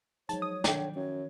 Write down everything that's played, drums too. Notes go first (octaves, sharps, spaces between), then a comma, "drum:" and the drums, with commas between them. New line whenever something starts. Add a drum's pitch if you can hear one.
G#2 F3 F#3 C#5 A5, drum: hi-hat
D#6
D3 D#3 D5 G5, drum: snare
F#2 C#5